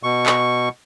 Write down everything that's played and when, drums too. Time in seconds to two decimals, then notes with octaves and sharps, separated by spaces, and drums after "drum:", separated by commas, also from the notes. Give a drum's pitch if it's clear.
0.03 B2 C#6
0.26 drum: clap